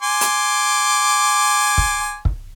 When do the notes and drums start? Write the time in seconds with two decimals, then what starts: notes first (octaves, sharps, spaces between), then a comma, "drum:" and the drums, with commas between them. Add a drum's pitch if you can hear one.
0.02 G#5 C6 D6
0.21 drum: hi-hat
1.78 drum: kick
2.25 drum: kick